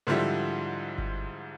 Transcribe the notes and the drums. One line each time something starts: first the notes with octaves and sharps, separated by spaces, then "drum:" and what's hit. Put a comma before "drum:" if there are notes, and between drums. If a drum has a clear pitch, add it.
G#2 D3 F3 G3 E4
drum: kick G1